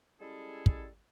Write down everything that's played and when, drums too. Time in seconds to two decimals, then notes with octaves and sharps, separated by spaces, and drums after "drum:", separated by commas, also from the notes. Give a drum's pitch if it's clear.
0.20 G3 G#3 C#4 E4 G#4 A4
0.66 drum: kick